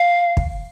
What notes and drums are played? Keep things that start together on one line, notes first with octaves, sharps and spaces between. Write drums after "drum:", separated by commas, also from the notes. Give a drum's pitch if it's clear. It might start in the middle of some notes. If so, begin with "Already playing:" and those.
Already playing: F5
drum: kick